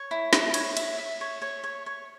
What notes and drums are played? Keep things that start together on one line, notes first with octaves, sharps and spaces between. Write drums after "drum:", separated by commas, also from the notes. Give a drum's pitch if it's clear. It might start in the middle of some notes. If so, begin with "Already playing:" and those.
Already playing: C#5
E4
E4, drum: snare
C#5, drum: cymbal
E5, drum: cymbal
E5
C#5
C#5
C#5
C#5